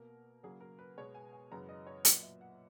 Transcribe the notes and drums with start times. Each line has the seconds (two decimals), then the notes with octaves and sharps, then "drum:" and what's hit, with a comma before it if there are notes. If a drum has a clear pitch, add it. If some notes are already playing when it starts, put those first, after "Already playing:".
Already playing: B2 A#3 A#4
0.43 C#3 F#3 A#3 G#4
0.61 A#4
0.79 B4
0.98 B2 G#3 B3 C#5
1.14 G#5
1.33 G#5
1.52 F#2 C#3 E3 G#3 B3 A#5
1.69 D#5
1.87 C#5
2.05 A#2 F#3 B3 D#5, drum: hi-hat
2.23 E5
2.41 F#5